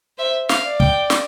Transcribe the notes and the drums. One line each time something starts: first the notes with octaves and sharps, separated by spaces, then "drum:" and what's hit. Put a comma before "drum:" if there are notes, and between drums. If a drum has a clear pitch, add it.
C5 E5
F5, drum: snare
D5
G5, drum: kick
drum: snare